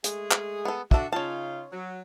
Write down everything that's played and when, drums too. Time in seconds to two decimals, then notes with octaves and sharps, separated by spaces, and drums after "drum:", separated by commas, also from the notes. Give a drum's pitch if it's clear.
0.04 G#3 A3 G#4, drum: hi-hat
0.31 drum: clap
0.65 B3 A4
0.91 D4 F#4 A4 E5, drum: kick
1.13 C#3 C#4 D#4 F4 A5
1.72 F#3